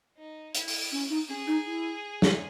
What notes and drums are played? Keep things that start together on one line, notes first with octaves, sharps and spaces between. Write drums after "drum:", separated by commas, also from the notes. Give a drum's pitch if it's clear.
D#4
E4, drum: hi-hat
drum: open hi-hat
C#4
D#4
C#4 G#4
D#4
E4
drum: snare